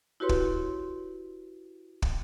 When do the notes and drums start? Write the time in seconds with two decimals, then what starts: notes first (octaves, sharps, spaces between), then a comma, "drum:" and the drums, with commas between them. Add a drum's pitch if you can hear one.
0.20 E4 F#4 G4 B4 C#5 C6
0.29 drum: kick
2.02 drum: kick